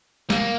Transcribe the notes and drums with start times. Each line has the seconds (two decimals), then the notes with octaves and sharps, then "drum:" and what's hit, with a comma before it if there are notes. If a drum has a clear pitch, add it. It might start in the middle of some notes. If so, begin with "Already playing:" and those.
0.30 A#3, drum: snare